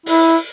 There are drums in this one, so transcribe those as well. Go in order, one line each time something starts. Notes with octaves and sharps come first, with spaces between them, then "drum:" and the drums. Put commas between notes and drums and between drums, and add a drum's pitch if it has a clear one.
E4, drum: open hi-hat
drum: hi-hat